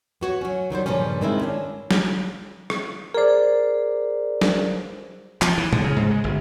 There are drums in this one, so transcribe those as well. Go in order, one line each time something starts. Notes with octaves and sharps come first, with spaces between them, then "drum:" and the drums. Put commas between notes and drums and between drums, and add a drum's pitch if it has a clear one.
B3 F#4 C#5
F#3 C#4
D#3 F#3 G3 C5
G2 A#2 C#3 F3 G3 C#4
D#3 G#3 C4 E4
C#4 D4
drum: snare
drum: rim click
G#4 A#4 C5 D5
drum: snare
F3, drum: clap
E3
D3, drum: tom A2
C#3
G#2
G#3
G1